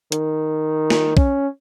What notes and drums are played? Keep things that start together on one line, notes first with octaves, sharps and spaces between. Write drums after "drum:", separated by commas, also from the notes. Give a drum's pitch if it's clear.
D#3, drum: hi-hat
drum: snare
C#4, drum: kick